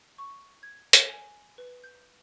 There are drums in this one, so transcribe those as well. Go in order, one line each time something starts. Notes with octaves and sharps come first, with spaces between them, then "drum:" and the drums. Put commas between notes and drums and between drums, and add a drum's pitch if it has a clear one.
C#6
G#6
drum: hi-hat
G#5
B4
G6